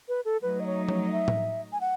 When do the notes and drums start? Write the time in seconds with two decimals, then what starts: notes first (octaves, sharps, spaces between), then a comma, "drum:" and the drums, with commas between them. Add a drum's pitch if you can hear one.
0.08 B4
0.25 A4
0.42 F#3 A3 D#4 B4
0.60 D#5
0.66 C#5
0.89 C#5, drum: tom F3
1.07 D#5
1.13 E5
1.28 drum: tom A2
1.72 G#5
1.81 F#5